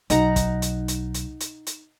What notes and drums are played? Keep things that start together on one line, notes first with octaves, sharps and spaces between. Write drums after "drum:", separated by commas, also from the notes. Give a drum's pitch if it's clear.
B1 D#4 F#5 A#5, drum: hi-hat
drum: kick, hi-hat
drum: hi-hat
drum: hi-hat
drum: hi-hat
drum: hi-hat
drum: hi-hat